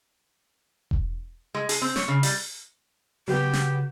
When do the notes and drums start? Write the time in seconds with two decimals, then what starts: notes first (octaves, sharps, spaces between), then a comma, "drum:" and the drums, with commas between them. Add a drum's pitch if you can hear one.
0.91 drum: kick E1
1.54 G#3
1.69 G#4, drum: open hi-hat
1.82 C4
1.96 C#5, drum: snare
2.08 C#3
2.23 G3, drum: open hi-hat
3.28 C#3 F#3 B3 F#4 G4
3.53 drum: snare